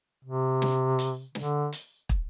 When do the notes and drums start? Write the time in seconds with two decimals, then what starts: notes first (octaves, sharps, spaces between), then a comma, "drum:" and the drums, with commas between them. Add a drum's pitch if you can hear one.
0.25 C3
0.62 drum: snare
0.99 drum: hi-hat
1.35 D3, drum: snare
1.72 drum: hi-hat
2.09 drum: kick